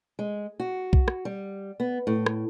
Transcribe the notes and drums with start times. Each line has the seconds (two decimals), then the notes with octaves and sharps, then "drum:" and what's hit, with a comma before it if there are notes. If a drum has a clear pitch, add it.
0.19 G#3
0.60 F#4
0.93 drum: kick
1.08 drum: rim click
1.25 G3
1.80 B3
2.07 A2
2.26 drum: rim click